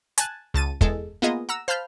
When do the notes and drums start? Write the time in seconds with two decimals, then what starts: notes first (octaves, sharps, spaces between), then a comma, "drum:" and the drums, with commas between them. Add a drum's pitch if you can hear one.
0.18 G#5 A5 F#6, drum: hi-hat
0.54 C#2 A5 A6 D#7
0.81 E2 G#3 A4, drum: kick
1.22 A#3 B3 F4 G#4 D#5
1.49 F#5 A#5 E6
1.68 C5 F5 A5 B5 F6 G6